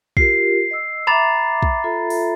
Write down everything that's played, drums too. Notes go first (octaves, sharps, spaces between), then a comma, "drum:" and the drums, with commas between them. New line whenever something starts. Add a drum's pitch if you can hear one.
F4 G4 A#4 C7, drum: kick
D#5 E6
E5 A#5 B5 D6 A6
drum: kick
F4 A4 E5
drum: open hi-hat